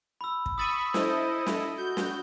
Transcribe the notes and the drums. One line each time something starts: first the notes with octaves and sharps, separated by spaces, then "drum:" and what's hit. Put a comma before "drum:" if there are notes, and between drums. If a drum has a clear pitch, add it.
B5 E6
drum: kick
B5 C#6 D#6 E6 A6 D#7
E4 A4 C5 D#5, drum: snare
drum: snare
F#4 G6
drum: snare